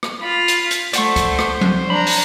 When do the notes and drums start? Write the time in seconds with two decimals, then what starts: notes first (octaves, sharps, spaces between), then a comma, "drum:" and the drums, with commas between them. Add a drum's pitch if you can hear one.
0.03 drum: rim click
0.22 F4 B5
0.48 drum: hi-hat
0.71 drum: hi-hat
0.93 A3 C5 D5 F#5 C#6, drum: hi-hat
1.16 drum: kick C#2, hi-hat
1.39 drum: rim click
1.61 drum: tom F3
1.90 D4 A#5 B5
2.07 drum: open hi-hat